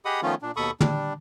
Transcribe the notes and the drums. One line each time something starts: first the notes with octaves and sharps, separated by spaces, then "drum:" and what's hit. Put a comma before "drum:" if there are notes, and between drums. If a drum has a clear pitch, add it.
G4 G#4 D#5 F#5 B5 D#6
D#3 F3 A3 B3 C#4 F4
A#2 D4
D#2 B2 A4 B5 C#6 D#6
G3 D4, drum: tom